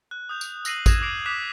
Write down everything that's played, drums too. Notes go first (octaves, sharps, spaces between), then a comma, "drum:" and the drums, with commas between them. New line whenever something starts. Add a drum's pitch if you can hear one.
F#6
D#6 G6 F7
drum: tambourine
E6 A#6 C7 D#7 F#7, drum: tambourine
D#6 F#6 G#6 A#6 D#7 E7, drum: kick A1, tambourine
D6 A#6 C7 D7 D#7 F7
D6 D#6 F#6 B6 E7 F#7